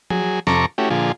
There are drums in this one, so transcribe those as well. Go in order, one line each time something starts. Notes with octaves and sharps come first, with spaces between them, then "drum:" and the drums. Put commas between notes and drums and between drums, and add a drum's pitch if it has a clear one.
F#3 G#4, drum: tom F3
F2 C3 A4 A#5 C#6 D6, drum: snare
A3 C#4 E4 F#4 G4
A#2 D3 F3 F4 G#4